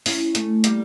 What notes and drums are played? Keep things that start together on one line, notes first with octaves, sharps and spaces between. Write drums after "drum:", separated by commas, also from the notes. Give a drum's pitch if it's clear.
C#4 E4, drum: open hi-hat
A3 C#4, drum: hi-hat
G3 A#3, drum: hi-hat